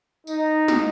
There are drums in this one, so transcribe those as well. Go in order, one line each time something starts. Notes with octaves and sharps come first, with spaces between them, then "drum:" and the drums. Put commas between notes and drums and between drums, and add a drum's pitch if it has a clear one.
D#4, drum: tambourine
drum: snare